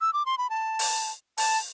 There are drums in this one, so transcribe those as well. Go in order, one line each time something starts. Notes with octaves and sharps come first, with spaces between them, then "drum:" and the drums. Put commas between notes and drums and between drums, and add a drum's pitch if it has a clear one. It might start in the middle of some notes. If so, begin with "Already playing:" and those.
E6
D6
C6
B5
A5
drum: open hi-hat
A5, drum: open hi-hat